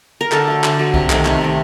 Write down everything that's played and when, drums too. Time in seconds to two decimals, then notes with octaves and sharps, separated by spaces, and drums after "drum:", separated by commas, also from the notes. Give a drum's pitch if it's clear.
0.21 A#4
0.32 D3 A4, drum: clap
0.48 F#3 A3
0.64 D3, drum: clap
0.79 F#3 A3
0.94 C3, drum: kick B1
1.10 D#3 A3, drum: clap
1.25 C3, drum: clap
1.41 D#3 A3